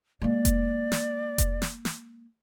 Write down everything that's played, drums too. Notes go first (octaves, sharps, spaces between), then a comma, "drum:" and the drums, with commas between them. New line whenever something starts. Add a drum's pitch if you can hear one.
G#3 A#3 D5
drum: kick F1, hi-hat
drum: snare
drum: kick F1, hi-hat
drum: snare
drum: snare